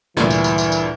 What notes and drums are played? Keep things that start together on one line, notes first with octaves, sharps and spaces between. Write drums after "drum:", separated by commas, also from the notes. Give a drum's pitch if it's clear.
D2 G2 A#2 E3, drum: snare
drum: tambourine
drum: tambourine
drum: tambourine
drum: tambourine